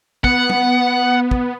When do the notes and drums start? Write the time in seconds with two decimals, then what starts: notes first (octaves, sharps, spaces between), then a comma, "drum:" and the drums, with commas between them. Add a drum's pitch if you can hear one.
0.24 B3 F#5, drum: kick
0.50 drum: tom
1.31 drum: kick